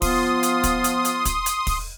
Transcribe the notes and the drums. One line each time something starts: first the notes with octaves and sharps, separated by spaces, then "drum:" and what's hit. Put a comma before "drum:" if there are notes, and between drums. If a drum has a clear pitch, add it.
F3 B3 F4 C6 D#6, drum: kick, open hi-hat
drum: hi-hat
drum: kick, hi-hat
drum: hi-hat
drum: hi-hat
drum: kick, hi-hat
drum: hi-hat
drum: kick, open hi-hat